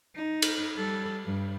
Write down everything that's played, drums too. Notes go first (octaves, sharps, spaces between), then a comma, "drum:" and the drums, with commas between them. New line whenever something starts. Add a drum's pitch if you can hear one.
D#4
drum: cymbal
G3 A4
G2